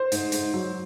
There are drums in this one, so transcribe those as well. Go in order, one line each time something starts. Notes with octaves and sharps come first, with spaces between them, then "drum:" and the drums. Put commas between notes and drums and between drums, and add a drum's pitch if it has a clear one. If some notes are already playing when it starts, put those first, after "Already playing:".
Already playing: C5
G#2, drum: hi-hat
G#2, drum: hi-hat
F#3